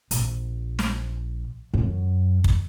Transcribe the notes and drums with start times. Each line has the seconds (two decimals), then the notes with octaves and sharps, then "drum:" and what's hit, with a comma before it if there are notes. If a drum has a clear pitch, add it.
0.11 A#1, drum: hi-hat
0.79 drum: snare
1.74 F#2
2.44 drum: kick